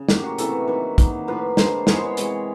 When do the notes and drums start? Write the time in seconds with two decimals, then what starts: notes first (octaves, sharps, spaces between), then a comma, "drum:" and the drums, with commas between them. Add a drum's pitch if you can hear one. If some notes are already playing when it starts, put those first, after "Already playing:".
Already playing: C#3
0.09 A2 F#3 A#3 G4, drum: snare
0.24 F#4
0.38 C3 E3 A3 A4, drum: hi-hat
0.68 D#3 F#3 A#3 B4
0.98 D#3 F#3 A#3, drum: kick, hi-hat
1.28 A2 F3 A#3 B4
1.57 D3 F3 G#3 C5, drum: snare
1.87 E3 G#3 B3 C#5, drum: snare
1.97 C5
2.04 C#5
2.17 C3 E3 G#3, drum: hi-hat